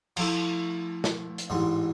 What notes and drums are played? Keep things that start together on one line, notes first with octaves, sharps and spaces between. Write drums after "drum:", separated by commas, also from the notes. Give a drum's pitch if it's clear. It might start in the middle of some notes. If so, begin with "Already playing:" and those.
F3 A3 E4, drum: cymbal
drum: snare
drum: hi-hat
A1 G#2 E3 G#3